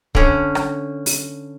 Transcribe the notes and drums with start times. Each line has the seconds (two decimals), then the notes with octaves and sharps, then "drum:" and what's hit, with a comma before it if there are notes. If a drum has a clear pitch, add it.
0.15 D3 C#4, drum: kick
0.55 drum: rim click
1.06 drum: open hi-hat